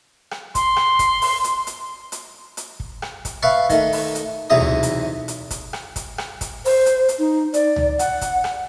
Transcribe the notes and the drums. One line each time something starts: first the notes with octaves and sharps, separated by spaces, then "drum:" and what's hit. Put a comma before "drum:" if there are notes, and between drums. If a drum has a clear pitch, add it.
drum: rim click
C6, drum: kick, hi-hat
drum: rim click
drum: kick, hi-hat
drum: open hi-hat
drum: hi-hat
drum: hi-hat
drum: hi-hat
drum: hi-hat
drum: kick
drum: rim click
drum: kick, hi-hat
B4 E5 F5 A5 C#6
D#3 A3, drum: kick, hi-hat
drum: open hi-hat
drum: hi-hat
B1 E2 C3 E5 A#5 D#6
drum: tom C#2
drum: hi-hat
drum: hi-hat
drum: kick, hi-hat
drum: rim click
drum: kick, hi-hat
drum: rim click
drum: kick, hi-hat
C5, drum: open hi-hat
drum: hi-hat
drum: hi-hat
D#4
D5, drum: hi-hat
drum: tom C#2
F#5, drum: hi-hat
drum: kick, hi-hat
drum: rim click